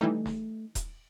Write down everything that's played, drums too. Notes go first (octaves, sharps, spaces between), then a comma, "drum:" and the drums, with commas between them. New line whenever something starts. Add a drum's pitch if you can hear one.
E3 G3 A3 D#4
drum: snare
drum: kick D#1, hi-hat